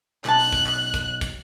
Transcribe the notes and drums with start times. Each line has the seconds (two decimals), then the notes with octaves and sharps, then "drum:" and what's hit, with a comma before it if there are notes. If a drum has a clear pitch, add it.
0.25 B1 A5 F#6, drum: clap
0.39 drum: open hi-hat
0.53 drum: kick
0.66 drum: clap
0.94 drum: kick, hi-hat
1.21 drum: kick, hi-hat